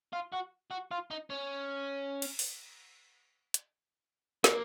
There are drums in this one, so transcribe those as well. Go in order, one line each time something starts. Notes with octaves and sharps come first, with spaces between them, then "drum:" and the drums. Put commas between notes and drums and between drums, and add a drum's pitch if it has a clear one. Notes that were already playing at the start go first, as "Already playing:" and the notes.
F4
F#4
F#4
F4
D#4
C#4
drum: cymbal
drum: open hi-hat
drum: hi-hat
A#3, drum: snare